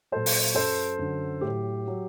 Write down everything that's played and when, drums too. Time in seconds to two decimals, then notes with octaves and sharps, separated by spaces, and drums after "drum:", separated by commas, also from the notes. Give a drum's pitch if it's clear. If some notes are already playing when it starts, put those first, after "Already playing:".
0.12 A#2 F#3 A4 C5
0.26 drum: open hi-hat
0.55 F#2 F#3 A4 C5
0.98 F#2 D3 F#3
1.41 A2 F#3 G4
1.88 F#3